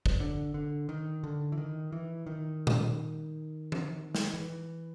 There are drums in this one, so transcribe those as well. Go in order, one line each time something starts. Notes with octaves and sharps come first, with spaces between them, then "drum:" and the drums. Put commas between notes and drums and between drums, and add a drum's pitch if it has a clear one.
drum: kick G1
D3
D3
D#3
D3
E3
D#3
E3
D#3
drum: tom A#2
drum: tom E3
drum: snare
E3